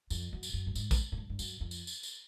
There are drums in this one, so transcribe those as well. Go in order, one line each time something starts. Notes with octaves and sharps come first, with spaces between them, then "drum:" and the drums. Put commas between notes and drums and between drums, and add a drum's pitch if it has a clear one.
F2, drum: tambourine
F#2
drum: tambourine
F#2
G2
G#2, drum: tambourine
drum: kick, tambourine
G#2
G2
G2
F#2, drum: tambourine
F2
drum: tambourine
drum: tambourine
drum: tambourine